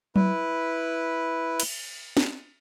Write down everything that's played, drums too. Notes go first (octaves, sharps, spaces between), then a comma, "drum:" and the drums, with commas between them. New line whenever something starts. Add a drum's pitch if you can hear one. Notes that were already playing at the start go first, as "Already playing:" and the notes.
E4 B4, drum: tom F#3
drum: cymbal
drum: snare